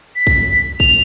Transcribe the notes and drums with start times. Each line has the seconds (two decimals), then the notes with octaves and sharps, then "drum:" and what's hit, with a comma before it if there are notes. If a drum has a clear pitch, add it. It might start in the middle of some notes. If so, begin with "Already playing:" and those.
0.16 B6
0.27 drum: kick
0.80 F7, drum: kick